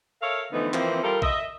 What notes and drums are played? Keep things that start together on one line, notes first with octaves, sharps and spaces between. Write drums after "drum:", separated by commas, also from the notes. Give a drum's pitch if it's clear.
A4 A#4 C#5 E5 F5
D3 E3 F3 A3 B3 D#4
E3 F3 A#3 C4, drum: clap
G3 F4 A4 A#4
D#5 E5, drum: kick A#1